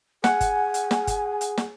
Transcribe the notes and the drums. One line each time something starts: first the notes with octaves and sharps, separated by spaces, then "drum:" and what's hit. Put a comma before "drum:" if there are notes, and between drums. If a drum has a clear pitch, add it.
G#4 F#5 G#5, drum: snare
drum: kick G1, hi-hat
drum: hi-hat
drum: snare
drum: kick G1, hi-hat
drum: hi-hat
drum: snare